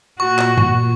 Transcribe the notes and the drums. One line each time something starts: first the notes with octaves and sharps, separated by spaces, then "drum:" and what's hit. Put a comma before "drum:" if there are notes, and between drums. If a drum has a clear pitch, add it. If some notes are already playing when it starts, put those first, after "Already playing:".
A#2 F#4 C#6
drum: clap
drum: tom G2